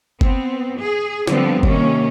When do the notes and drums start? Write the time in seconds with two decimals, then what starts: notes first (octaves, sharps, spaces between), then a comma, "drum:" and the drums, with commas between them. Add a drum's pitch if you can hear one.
0.21 B3 C4, drum: kick F#1
0.78 G#4
1.27 D3 F3 G3 B3 C4, drum: snare
1.63 D#2 C3 A#3 C#4, drum: kick F#1